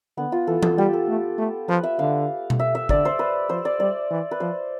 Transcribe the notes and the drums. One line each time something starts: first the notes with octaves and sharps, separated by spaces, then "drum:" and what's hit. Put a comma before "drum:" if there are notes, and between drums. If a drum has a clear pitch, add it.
D3 B3
F4
E3 A4
A4, drum: tom E3
G3 G4
A4
A3
A3
F3 B4
E5
D3 F5
drum: tom B2
E5
E5
D3 D5, drum: kick
C5
B4
F3 C5
D5
G3 D5
E3
B4
F3 C5